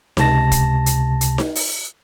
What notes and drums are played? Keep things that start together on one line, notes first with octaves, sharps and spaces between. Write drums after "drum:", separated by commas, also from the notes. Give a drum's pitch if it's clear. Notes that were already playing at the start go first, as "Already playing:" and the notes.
C#2 C3 A5 A#6, drum: snare D#4
drum: kick, hi-hat
drum: hi-hat
drum: hi-hat
drum: snare D#4
drum: open hi-hat